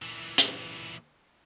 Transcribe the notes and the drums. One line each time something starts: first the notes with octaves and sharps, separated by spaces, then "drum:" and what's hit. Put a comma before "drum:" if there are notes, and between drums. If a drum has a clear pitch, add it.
A#2 E3
drum: hi-hat